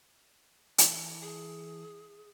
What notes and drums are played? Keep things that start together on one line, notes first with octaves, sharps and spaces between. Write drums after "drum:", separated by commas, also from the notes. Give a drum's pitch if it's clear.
E3 A4, drum: hi-hat
G#4